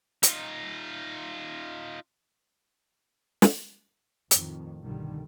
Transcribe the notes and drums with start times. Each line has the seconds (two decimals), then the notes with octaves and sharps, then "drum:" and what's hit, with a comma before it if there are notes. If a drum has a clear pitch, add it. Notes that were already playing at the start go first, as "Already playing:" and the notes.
0.23 D#4 F4, drum: hi-hat
3.42 drum: snare
4.31 F2 A2 D#3, drum: hi-hat
4.82 C2 G2 B2 D3 D#3 G3